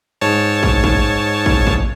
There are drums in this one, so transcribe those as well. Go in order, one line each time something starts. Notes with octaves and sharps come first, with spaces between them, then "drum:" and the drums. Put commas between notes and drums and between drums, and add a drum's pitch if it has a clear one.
G#2 C#5 A5
drum: kick
drum: kick
drum: kick
drum: kick